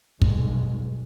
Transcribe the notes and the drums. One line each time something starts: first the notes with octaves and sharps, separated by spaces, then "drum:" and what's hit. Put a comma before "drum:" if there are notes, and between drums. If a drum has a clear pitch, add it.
F1 B1 G2 G#3, drum: kick